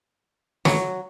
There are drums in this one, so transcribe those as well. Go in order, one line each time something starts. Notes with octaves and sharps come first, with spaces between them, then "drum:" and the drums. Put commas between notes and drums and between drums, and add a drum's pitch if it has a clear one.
F#3, drum: snare